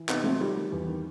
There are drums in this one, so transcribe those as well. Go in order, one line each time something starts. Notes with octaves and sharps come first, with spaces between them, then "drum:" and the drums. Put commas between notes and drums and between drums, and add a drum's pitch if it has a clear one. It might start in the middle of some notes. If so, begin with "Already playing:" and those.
Already playing: E3
C3 B3 D#4, drum: clap
F#3 A3 C4
D#3 G3
D#3
E2
D#3